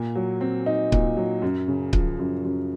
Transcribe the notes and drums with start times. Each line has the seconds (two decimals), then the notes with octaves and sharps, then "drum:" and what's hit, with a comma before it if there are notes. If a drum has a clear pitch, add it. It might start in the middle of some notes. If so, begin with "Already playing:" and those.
Already playing: A#2
0.16 F#3
0.41 C4
0.66 D#4
0.92 A#2, drum: kick C#1
1.17 F#3
1.42 F#2
1.68 C#3
1.93 F3, drum: kick C#1
2.19 F#2
2.45 F#2